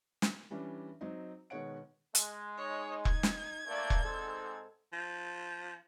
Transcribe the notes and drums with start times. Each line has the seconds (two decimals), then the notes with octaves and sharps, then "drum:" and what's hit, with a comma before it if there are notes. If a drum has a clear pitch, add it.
0.22 drum: snare
0.51 E3 G3 C#4 D4
1.01 F#3 C4 D#4
1.50 B2 D#3 G#3 C#5 F#5 D7
2.15 G#3, drum: hi-hat
2.57 D#4 C#5
3.05 G#6, drum: kick E1
3.23 drum: snare
3.68 A3 A#3 D5
3.90 drum: kick E1
4.03 G#2 C4 A4
4.93 F3